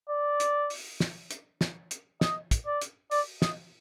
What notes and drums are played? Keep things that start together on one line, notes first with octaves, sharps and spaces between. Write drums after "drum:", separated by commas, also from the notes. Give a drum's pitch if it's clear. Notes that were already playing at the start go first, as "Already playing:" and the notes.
D5
drum: hi-hat
drum: open hi-hat
drum: snare
drum: hi-hat
drum: snare
drum: hi-hat
D#5, drum: snare
drum: kick, hi-hat
D5
drum: hi-hat
D5, drum: open hi-hat
D#5, drum: snare